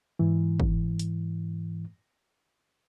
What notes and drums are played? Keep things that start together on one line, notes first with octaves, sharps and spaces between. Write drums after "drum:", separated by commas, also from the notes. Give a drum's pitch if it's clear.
G#2 E3
drum: kick
drum: hi-hat